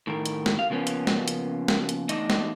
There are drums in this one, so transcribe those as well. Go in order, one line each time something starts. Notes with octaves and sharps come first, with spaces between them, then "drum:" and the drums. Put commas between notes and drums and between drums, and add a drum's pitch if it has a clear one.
A2 D#3 A#4
drum: hi-hat
drum: snare
F5
C#3 F3 A#3 B3 C#4
drum: hi-hat
drum: snare
drum: hi-hat
drum: snare
drum: hi-hat
E2 A3 D4 D#4 D#5, drum: hi-hat
drum: snare